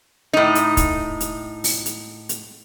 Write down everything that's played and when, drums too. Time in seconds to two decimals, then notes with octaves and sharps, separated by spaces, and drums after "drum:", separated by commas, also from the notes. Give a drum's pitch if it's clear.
0.33 A2 D#4
0.55 drum: hi-hat
0.77 drum: kick, hi-hat
1.20 drum: hi-hat
1.64 drum: open hi-hat
1.86 drum: hi-hat
2.29 drum: hi-hat